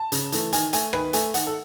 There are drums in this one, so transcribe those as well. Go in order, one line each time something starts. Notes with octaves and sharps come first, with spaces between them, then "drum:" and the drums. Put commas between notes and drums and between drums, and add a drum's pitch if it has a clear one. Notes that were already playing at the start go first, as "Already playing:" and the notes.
Already playing: A5
C#3, drum: hi-hat
E3 A3, drum: hi-hat
D#3 G#5, drum: hi-hat
A3 G#5, drum: hi-hat
D#3 B4, drum: rim click
A3 G#5, drum: hi-hat
D#3 F#5, drum: hi-hat
A4